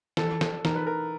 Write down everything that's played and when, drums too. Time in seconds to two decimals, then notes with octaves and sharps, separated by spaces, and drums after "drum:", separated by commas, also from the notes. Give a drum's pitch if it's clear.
0.17 E3 A4, drum: snare
0.41 drum: snare
0.65 D#4 A#4, drum: snare
0.75 B4
0.87 A#4